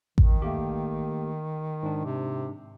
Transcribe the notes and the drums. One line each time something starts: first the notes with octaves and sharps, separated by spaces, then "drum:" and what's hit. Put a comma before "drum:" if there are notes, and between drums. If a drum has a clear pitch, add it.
D#3, drum: kick A1
A3 A#3 G4
G#2 D4
C3